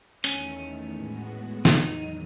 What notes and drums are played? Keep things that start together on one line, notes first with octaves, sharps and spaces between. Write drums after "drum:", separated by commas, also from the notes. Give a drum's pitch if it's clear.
E2 D#3 A3 C#4, drum: hi-hat
A2 G#3 B3 F#4
E2 D#3 F#3 D#4, drum: snare